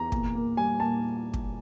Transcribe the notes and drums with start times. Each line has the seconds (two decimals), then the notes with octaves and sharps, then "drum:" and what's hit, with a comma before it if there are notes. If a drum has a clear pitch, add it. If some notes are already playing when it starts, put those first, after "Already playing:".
Already playing: E2 A#5
0.12 A#2, drum: kick
0.35 A#3
0.57 G3 G#5
0.80 A#2 A5
1.34 drum: kick